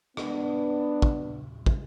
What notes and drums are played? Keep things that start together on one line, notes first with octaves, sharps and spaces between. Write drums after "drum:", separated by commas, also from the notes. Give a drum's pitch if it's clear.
B3 D4, drum: rim click
drum: kick
drum: kick